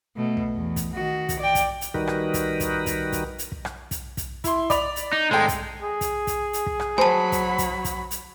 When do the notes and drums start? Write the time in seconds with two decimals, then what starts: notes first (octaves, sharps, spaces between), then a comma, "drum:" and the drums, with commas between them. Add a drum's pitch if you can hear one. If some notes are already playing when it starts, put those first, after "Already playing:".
0.16 B2 A3
0.37 drum: kick
0.55 E2
0.76 drum: kick, hi-hat
0.94 D#3 F#4
1.29 drum: kick, hi-hat
1.39 D5 G5
1.55 drum: kick, hi-hat
1.81 drum: hi-hat
1.94 D#3 G3 D#4 F#4 A#4 B4, drum: kick
2.07 drum: rim click
2.34 drum: kick, hi-hat
2.60 drum: kick, hi-hat
2.86 drum: kick, hi-hat
3.12 drum: kick, hi-hat
3.39 drum: hi-hat
3.52 drum: kick
3.65 drum: rim click
3.91 drum: kick, hi-hat
4.17 drum: kick, hi-hat
4.44 E4 C6, drum: kick, hi-hat
4.70 D5 B5 F7, drum: kick, hi-hat
4.96 drum: hi-hat
5.13 D#4
5.31 G#1 G#3 A4 G5
5.48 drum: kick, hi-hat
5.83 G#4
6.01 drum: kick, hi-hat
6.27 drum: kick, hi-hat
6.53 drum: hi-hat
6.66 drum: kick
6.80 drum: rim click
6.98 F#3 C5 G#5 A5 B5
7.32 drum: kick, hi-hat
7.58 drum: kick, hi-hat
7.85 drum: kick, hi-hat
8.11 drum: hi-hat